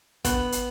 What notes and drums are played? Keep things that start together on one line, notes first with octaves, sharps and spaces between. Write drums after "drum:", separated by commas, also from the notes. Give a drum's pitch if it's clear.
B3, drum: kick, hi-hat
drum: hi-hat